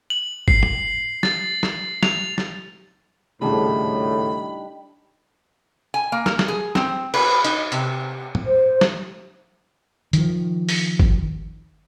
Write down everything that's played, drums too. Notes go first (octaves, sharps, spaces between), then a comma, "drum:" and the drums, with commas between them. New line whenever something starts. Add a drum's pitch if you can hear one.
F#7
C7, drum: kick
drum: tom
A6, drum: snare
drum: snare
F7, drum: snare
drum: snare
D#1 A2 C#3 G3 D4 D#4 B5
G#5
A#3
A#4, drum: snare
drum: snare
G#4
C4, drum: snare
B4, drum: cymbal
D#4, drum: hi-hat
C3, drum: hi-hat
drum: tom
C5
drum: snare
D#3 F3, drum: hi-hat
drum: open hi-hat
drum: kick